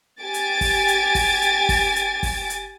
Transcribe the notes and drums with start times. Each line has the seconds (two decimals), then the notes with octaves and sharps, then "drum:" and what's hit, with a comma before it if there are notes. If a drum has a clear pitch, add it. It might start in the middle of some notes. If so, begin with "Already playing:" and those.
0.20 G4 G#5 A6 D7
0.34 drum: hi-hat
0.61 drum: kick, open hi-hat
0.88 drum: hi-hat
1.15 drum: kick, open hi-hat
1.42 drum: hi-hat
1.69 drum: kick, open hi-hat
1.96 drum: hi-hat
2.23 drum: kick, open hi-hat
2.50 drum: hi-hat